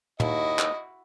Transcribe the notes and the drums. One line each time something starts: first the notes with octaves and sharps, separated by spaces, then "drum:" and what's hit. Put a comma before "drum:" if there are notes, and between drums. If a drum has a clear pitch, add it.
D#2 E4 F#4 D#5, drum: tom
drum: clap